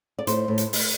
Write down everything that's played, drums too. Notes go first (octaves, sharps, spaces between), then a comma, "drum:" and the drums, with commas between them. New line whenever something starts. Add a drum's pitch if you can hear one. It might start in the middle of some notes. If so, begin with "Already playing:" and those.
D5
A2 C5, drum: hi-hat
A2
drum: hi-hat
drum: open hi-hat